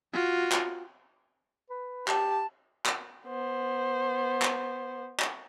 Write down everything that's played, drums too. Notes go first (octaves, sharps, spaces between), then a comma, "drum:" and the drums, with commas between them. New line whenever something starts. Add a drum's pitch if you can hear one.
F4 F#4
drum: clap
B4
G4 A5, drum: clap
drum: clap
B3 C5
drum: clap
drum: clap